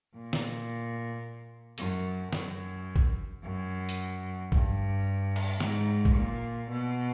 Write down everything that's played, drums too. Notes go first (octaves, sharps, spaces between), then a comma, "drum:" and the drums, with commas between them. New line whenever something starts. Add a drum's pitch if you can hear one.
A#2
drum: snare
F#2, drum: hi-hat
F#2, drum: snare
drum: kick
F#2
drum: hi-hat
G2, drum: kick
drum: cymbal
G#2, drum: snare
drum: kick
A#2
B2